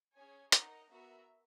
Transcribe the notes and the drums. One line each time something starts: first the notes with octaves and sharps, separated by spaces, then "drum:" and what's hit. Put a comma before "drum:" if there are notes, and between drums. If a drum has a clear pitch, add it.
C#4 G#4 C#5 G#5
D#4 A#4 D#5 F#5, drum: hi-hat
B3 F#4 A#4 E5